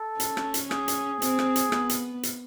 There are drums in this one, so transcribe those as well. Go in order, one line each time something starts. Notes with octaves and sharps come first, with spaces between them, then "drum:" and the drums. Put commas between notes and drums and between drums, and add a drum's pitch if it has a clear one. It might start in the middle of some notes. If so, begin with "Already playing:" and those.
Already playing: A4
C#4, drum: hi-hat
drum: rim click
drum: hi-hat
G#4, drum: rim click
drum: hi-hat
C4, drum: hi-hat
drum: rim click
drum: hi-hat
B3, drum: rim click
drum: hi-hat
drum: hi-hat